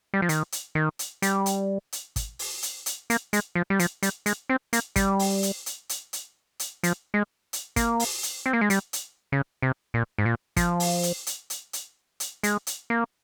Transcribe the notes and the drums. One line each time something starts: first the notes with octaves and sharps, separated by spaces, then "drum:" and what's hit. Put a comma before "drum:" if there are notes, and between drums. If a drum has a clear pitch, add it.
G3
F3
D#3, drum: hi-hat
drum: hi-hat
D#3
drum: hi-hat
G3, drum: hi-hat
drum: hi-hat
drum: hi-hat
drum: kick, hi-hat
drum: open hi-hat
drum: hi-hat
drum: hi-hat
A#3, drum: hi-hat
G#3, drum: hi-hat
F3
G3
F3, drum: hi-hat
G3, drum: hi-hat
G#3, drum: hi-hat
C4
A#3, drum: hi-hat
G3, drum: kick, hi-hat
drum: open hi-hat
drum: hi-hat
drum: hi-hat
drum: hi-hat
drum: hi-hat
drum: hi-hat
F3, drum: hi-hat
G#3
drum: hi-hat
A#3, drum: kick, hi-hat
drum: open hi-hat
drum: hi-hat
C4
A#3
G#3
G3, drum: hi-hat
drum: hi-hat
C#3
C3
A#2
G#2
A#2
F3, drum: kick, hi-hat
drum: open hi-hat
drum: hi-hat
drum: hi-hat
drum: hi-hat
drum: hi-hat
drum: hi-hat
G#3, drum: hi-hat
drum: hi-hat
A#3